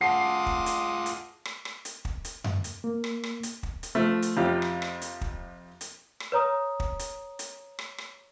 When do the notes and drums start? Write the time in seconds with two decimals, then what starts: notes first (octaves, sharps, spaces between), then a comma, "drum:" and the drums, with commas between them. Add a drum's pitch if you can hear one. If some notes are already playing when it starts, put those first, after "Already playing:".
0.01 F4 G#4 F#5 A5 C6 D6 D#6 C7
0.46 drum: kick
0.66 drum: hi-hat
1.06 drum: hi-hat
1.45 drum: rim click
1.65 drum: rim click
1.85 drum: hi-hat
2.05 drum: kick
2.25 drum: hi-hat
2.44 drum: tom F#2
2.64 drum: hi-hat
2.84 A#3
3.04 drum: rim click
3.23 drum: rim click
3.43 drum: hi-hat
3.63 drum: kick
3.83 drum: hi-hat
3.95 F3 A3
4.22 drum: hi-hat
4.37 F2 C3 F4 G4
4.62 drum: rim click
4.82 drum: rim click
5.02 drum: hi-hat
5.21 drum: kick
5.81 drum: hi-hat
6.20 drum: rim click
6.32 B4 C#5 A#5 D#6
6.80 drum: kick
6.99 drum: hi-hat
7.39 drum: hi-hat
7.79 drum: rim click
7.98 drum: rim click